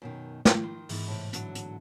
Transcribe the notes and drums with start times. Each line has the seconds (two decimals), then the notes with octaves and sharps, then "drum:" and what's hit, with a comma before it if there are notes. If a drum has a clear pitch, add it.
0.02 F#2 B2 D#3
0.45 drum: snare
0.63 D#3 C6
0.89 G#2 E3 B3, drum: open hi-hat
1.08 A2 C3
1.33 A2 D3 F#3, drum: hi-hat
1.55 drum: hi-hat